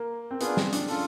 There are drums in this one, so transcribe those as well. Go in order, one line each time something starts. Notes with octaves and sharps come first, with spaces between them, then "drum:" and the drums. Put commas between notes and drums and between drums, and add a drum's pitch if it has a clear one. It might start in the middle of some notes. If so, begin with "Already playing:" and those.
Already playing: A#3
C4
B3 D4 F4 G#4, drum: hi-hat
C4, drum: snare
D4, drum: hi-hat
C#4 F4 A4, drum: open hi-hat